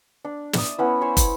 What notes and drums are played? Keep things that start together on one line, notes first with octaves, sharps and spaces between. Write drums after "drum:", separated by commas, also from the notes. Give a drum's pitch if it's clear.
D4
D5 E5 D6 D#6, drum: snare
B3 C#4 E4
C5 C#5 G#5 B5
drum: kick, hi-hat